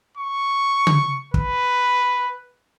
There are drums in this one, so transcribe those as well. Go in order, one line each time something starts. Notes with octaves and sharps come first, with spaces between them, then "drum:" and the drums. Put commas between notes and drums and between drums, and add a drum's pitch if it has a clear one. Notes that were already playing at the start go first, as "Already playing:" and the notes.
C#6
drum: tom C#3
B4, drum: kick